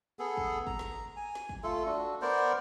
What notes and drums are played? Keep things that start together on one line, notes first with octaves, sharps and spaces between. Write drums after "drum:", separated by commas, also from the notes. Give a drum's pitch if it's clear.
B3 G#4 A4
drum: kick
A#5, drum: kick
drum: snare
G#5
drum: snare
drum: kick
A3 F4 A4
D4 F#4
B3 A#4 C5 D5